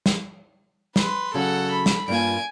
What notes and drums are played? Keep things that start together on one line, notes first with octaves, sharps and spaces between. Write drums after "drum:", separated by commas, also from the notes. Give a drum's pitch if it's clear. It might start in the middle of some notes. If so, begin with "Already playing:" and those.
drum: snare
B4 C6, drum: snare
C#3 F#3 A4 F#5
B5
drum: snare
G2 A#3 F4 G#5 D7